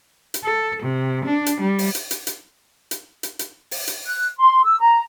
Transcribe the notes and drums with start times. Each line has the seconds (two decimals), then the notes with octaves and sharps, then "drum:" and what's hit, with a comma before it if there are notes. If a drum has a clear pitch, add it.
0.34 drum: hi-hat
0.44 A4
0.82 C3
1.25 D4
1.46 drum: hi-hat
1.61 G3
1.79 drum: open hi-hat
1.95 drum: hi-hat
2.11 drum: hi-hat
2.27 drum: hi-hat
2.91 drum: hi-hat
3.23 drum: hi-hat
3.39 drum: hi-hat
3.71 drum: open hi-hat
3.87 drum: hi-hat
4.07 F#6
4.38 C6
4.64 E6
4.80 A#5